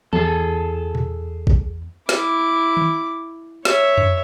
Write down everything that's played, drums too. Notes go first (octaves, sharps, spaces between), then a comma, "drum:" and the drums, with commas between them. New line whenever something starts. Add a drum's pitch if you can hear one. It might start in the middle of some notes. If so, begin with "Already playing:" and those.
E2 G#4 A4, drum: tom E3
drum: tom A#2
drum: kick A1
E4 D6, drum: snare
drum: tom D#3
C#5 E5, drum: snare
drum: tom F2